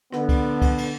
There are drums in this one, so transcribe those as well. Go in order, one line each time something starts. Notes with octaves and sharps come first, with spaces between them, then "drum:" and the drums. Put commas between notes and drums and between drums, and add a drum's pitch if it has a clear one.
D3 B3, drum: rim click
drum: kick, cymbal
drum: kick, cymbal
drum: cymbal